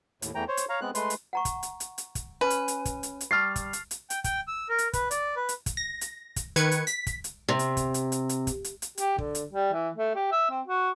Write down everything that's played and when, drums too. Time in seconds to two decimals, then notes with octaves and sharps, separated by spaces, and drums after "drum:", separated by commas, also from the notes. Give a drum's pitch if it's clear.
0.22 D#2 A2, drum: hi-hat
0.35 E2 E3 A3 G5 A#5
0.48 C5 C#5
0.57 drum: hi-hat
0.69 C#5 F5 A#5
0.81 G#3 B3 C4 F#6
0.95 G#3 A3 B4 C6, drum: hi-hat
1.10 drum: hi-hat
1.33 F#5 A#5 C#6
1.45 drum: kick, hi-hat
1.63 drum: hi-hat
1.80 drum: hi-hat
1.98 drum: hi-hat
2.15 drum: kick, hi-hat
2.41 C#4 B4
2.50 drum: hi-hat
2.68 drum: hi-hat
2.85 drum: kick, hi-hat
3.03 drum: hi-hat
3.21 drum: hi-hat
3.31 G3 A5 C#6 F6 A6 C7
3.56 drum: kick, hi-hat
3.73 drum: hi-hat
3.91 drum: hi-hat
4.10 G5, drum: hi-hat
4.24 G5, drum: kick, hi-hat
4.48 E6
4.69 A#4
4.78 drum: hi-hat
4.93 B4, drum: kick, hi-hat
5.11 D5, drum: hi-hat
5.36 B4
5.49 drum: hi-hat
5.66 drum: kick, hi-hat
5.77 A#6
6.01 drum: hi-hat
6.36 drum: kick, hi-hat
6.56 D#3 B4 G#6 C#7, drum: hi-hat
6.71 drum: hi-hat
6.87 B6, drum: hi-hat
7.07 drum: kick, hi-hat
7.24 drum: hi-hat
7.49 C3
7.59 drum: hi-hat
7.77 drum: kick, hi-hat
7.94 drum: hi-hat
8.12 drum: hi-hat
8.29 drum: hi-hat
8.47 drum: kick, hi-hat
8.64 drum: hi-hat
8.82 drum: hi-hat
8.98 G4, drum: hi-hat
9.18 D3, drum: kick
9.35 drum: hi-hat
9.50 G3
9.73 E3
9.96 A3
10.15 G4
10.32 E5
10.51 C4
10.67 F#4